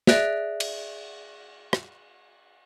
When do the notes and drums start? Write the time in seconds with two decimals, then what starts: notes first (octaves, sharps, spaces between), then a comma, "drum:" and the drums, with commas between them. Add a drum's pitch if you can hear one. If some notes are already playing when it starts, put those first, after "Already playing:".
0.07 G#4 D5 E5 F#6 A#6 D7, drum: snare
0.60 drum: cymbal
1.73 drum: rim click